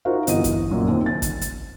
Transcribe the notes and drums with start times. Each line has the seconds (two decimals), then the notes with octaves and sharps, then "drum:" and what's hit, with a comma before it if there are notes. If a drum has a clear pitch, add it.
0.05 D#4 F4 F#4 A#4 C5 F5
0.27 G1 E3 D#5 D#7, drum: hi-hat
0.44 drum: kick F#1, hi-hat
0.71 F#2 A#2
0.88 D#2 D#3 C4
1.06 A6
1.22 drum: kick F#1, hi-hat
1.41 drum: hi-hat